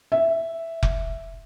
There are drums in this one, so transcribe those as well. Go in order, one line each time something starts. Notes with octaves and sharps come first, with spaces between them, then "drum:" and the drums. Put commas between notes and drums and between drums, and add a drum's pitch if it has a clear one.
E5
drum: kick F1